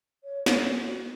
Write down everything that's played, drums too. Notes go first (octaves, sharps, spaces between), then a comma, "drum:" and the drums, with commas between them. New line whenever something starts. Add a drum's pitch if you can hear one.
C#5
C#5, drum: snare
A#4
F#4